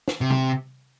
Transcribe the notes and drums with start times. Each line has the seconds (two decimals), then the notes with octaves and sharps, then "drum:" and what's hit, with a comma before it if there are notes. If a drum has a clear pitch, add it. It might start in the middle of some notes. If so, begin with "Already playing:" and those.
0.08 drum: snare
0.21 C3
0.30 drum: tom C3